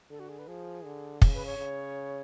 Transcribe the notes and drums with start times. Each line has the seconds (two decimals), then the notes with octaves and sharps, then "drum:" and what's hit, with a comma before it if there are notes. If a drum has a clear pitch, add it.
0.10 D3 A4
0.20 F#4
0.29 G#4
0.39 B4
0.47 F3 G#4
0.85 D3
1.22 C#3, drum: kick
1.34 B4
1.46 C#5
1.58 C#3